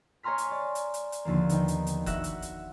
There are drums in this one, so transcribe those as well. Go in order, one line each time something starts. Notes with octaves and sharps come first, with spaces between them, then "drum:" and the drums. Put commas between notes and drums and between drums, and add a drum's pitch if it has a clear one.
C#5 G#5 A#5 C6 F6 B6
drum: hi-hat
D5
drum: hi-hat
drum: hi-hat
drum: hi-hat
D#2 D3 F3 A#3
B3 D#4 G5, drum: hi-hat
drum: hi-hat
drum: hi-hat
F#4 E5 F#5 F#6 A#6, drum: kick F#1, hi-hat
drum: hi-hat
drum: hi-hat